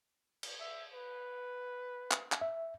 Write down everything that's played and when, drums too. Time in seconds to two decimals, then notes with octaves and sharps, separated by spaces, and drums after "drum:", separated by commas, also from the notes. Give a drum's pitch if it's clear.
0.43 drum: cymbal
0.60 E5
0.93 B4
2.11 drum: clap
2.32 drum: clap
2.41 E5